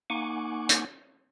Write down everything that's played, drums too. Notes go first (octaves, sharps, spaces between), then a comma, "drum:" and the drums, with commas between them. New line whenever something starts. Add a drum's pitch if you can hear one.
A#3 D#4 F#5 G#5 C#6 D6
drum: hi-hat